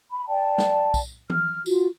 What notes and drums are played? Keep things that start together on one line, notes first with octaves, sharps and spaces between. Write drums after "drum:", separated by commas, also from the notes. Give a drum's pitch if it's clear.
B5
D5 G5 A5
drum: snare
drum: kick B1, tambourine
F6, drum: tom E3
F4 F#4, drum: tambourine